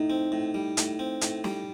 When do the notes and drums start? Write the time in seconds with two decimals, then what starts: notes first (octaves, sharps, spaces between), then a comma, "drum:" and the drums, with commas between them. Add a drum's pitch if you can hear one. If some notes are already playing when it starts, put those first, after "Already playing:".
Already playing: A2 D#4
0.10 C4
0.32 A2
0.54 G3
0.77 A2, drum: hi-hat
0.99 C4
1.21 A2, drum: hi-hat
1.44 G3, drum: snare